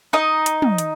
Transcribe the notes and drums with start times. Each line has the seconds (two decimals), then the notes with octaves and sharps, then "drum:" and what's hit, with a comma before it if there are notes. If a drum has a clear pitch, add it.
0.13 D#4 D#5
0.46 drum: hi-hat
0.62 drum: tom
0.78 drum: hi-hat